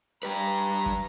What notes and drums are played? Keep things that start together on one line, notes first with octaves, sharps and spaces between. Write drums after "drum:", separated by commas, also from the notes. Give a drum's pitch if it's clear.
G3 G4 B4 A#5, drum: hi-hat
drum: hi-hat
drum: kick, hi-hat